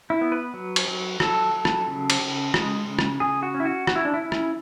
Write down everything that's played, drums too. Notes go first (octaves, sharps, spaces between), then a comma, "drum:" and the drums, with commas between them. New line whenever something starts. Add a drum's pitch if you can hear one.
E4
B3
B4
F#3
drum: cymbal
F#3
F#3 A4, drum: rim click
F#3
drum: rim click
C#3
drum: cymbal
C#3
G#3, drum: rim click
C#3
drum: rim click
C#3 G#4
F#4
C#4
E4
F#4
C#4 F#4, drum: rim click
E4
D4
E4
C#4
drum: rim click